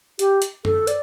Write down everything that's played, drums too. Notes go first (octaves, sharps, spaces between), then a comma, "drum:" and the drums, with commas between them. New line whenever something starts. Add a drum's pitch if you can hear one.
G4, drum: hi-hat
drum: hi-hat
A4, drum: tom F#2
D5, drum: hi-hat